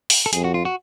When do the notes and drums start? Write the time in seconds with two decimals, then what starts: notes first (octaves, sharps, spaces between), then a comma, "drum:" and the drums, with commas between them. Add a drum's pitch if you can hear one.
0.10 drum: open hi-hat
0.26 A4
0.33 F2 G#4, drum: hi-hat
0.44 F#4
0.54 F4
0.65 F#4